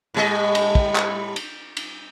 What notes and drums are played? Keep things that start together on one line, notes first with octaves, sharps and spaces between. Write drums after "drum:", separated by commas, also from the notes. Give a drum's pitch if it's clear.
A2 G3 D#5
drum: cymbal
drum: kick
drum: clap
drum: cymbal
drum: cymbal